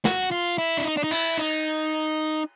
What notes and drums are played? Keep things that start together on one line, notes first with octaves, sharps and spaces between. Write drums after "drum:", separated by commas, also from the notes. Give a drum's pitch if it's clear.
F#4, drum: snare
drum: hi-hat
F4
E4
D4
D#4
D4
D#4
E4, drum: cymbal
D#4